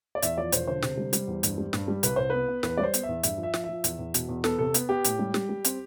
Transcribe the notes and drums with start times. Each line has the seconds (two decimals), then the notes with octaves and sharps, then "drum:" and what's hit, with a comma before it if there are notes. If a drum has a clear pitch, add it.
0.15 D5
0.22 E2 E5, drum: hi-hat
0.38 F3 D5
0.52 E1 C5, drum: hi-hat
0.68 D3 C5
0.82 C3, drum: snare
0.97 G3
1.13 G3, drum: hi-hat
1.27 E2
1.43 G2, drum: hi-hat
1.58 G3
1.73 G2, drum: snare
1.88 G3
2.03 C2 B4, drum: hi-hat
2.16 C2 C5
2.30 B3 B4
2.48 B3
2.63 E2 B4, drum: snare
2.78 G3 D5
2.83 C5
2.94 B3, drum: hi-hat
3.03 E5
3.08 E2
3.23 G2 E5, drum: hi-hat
3.38 F3
3.43 E5
3.54 F3, drum: snare
3.64 F3 E5
3.84 E2, drum: hi-hat
3.99 E2
4.14 B2, drum: hi-hat
4.29 E2
4.44 B3 A4, drum: snare
4.59 C3 A4
4.74 B3, drum: hi-hat
4.89 B3 G4
5.04 A2, drum: hi-hat
5.19 G3
5.34 G3, drum: snare
5.49 G3
5.64 C4, drum: hi-hat